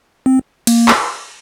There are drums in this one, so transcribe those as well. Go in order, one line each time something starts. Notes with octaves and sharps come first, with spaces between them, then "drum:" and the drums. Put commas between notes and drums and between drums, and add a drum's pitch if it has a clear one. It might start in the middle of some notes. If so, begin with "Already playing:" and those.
C4
A#3, drum: cymbal
drum: clap